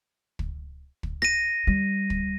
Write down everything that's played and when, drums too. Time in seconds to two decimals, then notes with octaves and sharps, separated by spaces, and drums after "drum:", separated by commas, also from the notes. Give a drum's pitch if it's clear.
0.39 drum: kick
1.03 drum: kick
1.22 A#6 D#7, drum: rim click
1.67 G3
2.10 drum: kick